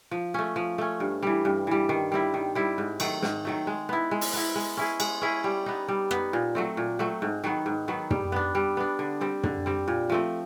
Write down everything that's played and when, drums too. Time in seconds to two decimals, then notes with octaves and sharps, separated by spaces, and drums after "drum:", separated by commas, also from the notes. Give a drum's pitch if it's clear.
0.11 F3
0.34 A3 C#4
0.56 F3
0.78 A3 C#4
1.00 G2
1.22 E3 G3
1.45 G2
1.67 E3 G3
1.89 D#3
2.12 G3 C4 E4
2.34 D#3
2.55 G3 C4 E4
2.78 G#2
3.00 D#3 F#3 A3, drum: cymbal
3.22 G#2, drum: snare
3.45 D#3 F#3 A3
3.67 G#3
3.89 B3 E4
4.11 G#3
4.21 drum: open hi-hat
4.33 B3 E4
4.55 G#3
4.77 C#4 E4 G#4
5.00 G#3, drum: cymbal
5.22 C#4 E4 G#4
5.44 G3
5.66 B3 D#4
5.88 G3
6.11 B3 D#4, drum: rim click
6.33 A#2
6.55 F#3 A3 C4
6.77 A#2
6.99 F#3 A3 C4
7.22 G#2
7.44 D#3 F#3 B3
7.66 G#2
7.88 D#3 F#3 B3
8.10 G3, drum: tom
8.32 B3 D4
8.55 G3
8.77 B3 D4
8.99 D3
9.21 G3 C4
9.43 D3, drum: tom
9.66 G3 C4
9.88 A#2
10.10 F3 A3 C4